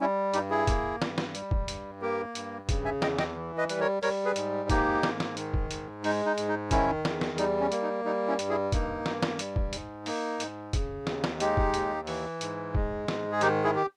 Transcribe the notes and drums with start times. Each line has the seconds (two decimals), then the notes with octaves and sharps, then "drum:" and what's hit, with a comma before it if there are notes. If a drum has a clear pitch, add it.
0.01 G3 C#4 E4
0.34 G2 D#4 G4, drum: hi-hat
0.50 E4 G#4
0.67 A#3, drum: kick, hi-hat
1.02 G2, drum: snare
1.18 drum: snare
1.35 G3, drum: hi-hat
1.51 drum: kick
1.68 G2, drum: hi-hat
2.01 A#3 G4 A#4
2.35 G2, drum: hi-hat
2.69 C#3, drum: kick, hi-hat
2.85 E5 G#5
3.02 E2 D#5 G5, drum: snare
3.18 D#5 G5, drum: snare
3.36 E3
3.58 B4 D#5
3.69 G3 B4, drum: hi-hat
3.80 A#4 C#5
4.03 G3 A#4 C#5, drum: open hi-hat
4.25 G#4 B4
4.36 G#2, drum: hi-hat
4.70 A#3 D#4 G4, drum: kick, hi-hat
5.03 G#2, drum: snare
5.20 drum: snare
5.37 D#3, drum: hi-hat
5.54 drum: kick
5.71 G#2, drum: hi-hat
6.04 G#3 D#4, drum: open hi-hat
6.26 D#4
6.38 G#2, drum: hi-hat
6.48 D#4
6.71 D#3 C#4 E4, drum: kick, hi-hat
7.05 E2, drum: snare
7.21 drum: snare
7.38 G3 D#4, drum: hi-hat
7.60 C#4
7.72 A#3, drum: hi-hat
7.82 D#4
8.05 G3 D#4
8.28 C#4 E4
8.39 G2, drum: hi-hat
8.49 E4 G#4
8.72 A#3 D#4, drum: kick, hi-hat
9.06 G2, drum: snare
9.23 drum: snare
9.39 G3, drum: hi-hat
9.56 drum: kick
9.73 G#2, drum: hi-hat
10.06 A#3 D#4, drum: open hi-hat
10.40 G#2, drum: hi-hat
10.73 C#3, drum: kick, hi-hat
11.07 D#2, drum: snare
11.24 drum: snare
11.40 G#3 D#4 G4, drum: hi-hat
11.57 drum: kick
11.74 D#2, drum: hi-hat
12.07 E3, drum: open hi-hat
12.41 G#2, drum: hi-hat
12.75 G#3, drum: kick
13.08 G#2, drum: snare
13.32 G#4
13.41 D#3 D#4 G4, drum: hi-hat
13.64 E4 G#4
13.76 G4